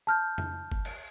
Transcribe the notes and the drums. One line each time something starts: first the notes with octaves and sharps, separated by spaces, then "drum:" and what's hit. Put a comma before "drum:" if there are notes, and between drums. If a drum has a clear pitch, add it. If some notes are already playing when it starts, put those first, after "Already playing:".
A5 F6 G6
drum: tom F2
drum: kick F#1
drum: cymbal